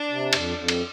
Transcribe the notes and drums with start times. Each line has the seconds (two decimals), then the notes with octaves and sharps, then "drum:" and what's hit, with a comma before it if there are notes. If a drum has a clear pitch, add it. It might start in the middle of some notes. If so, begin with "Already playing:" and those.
Already playing: D4
0.10 C3
0.33 F2, drum: cymbal
0.57 F2
0.68 drum: cymbal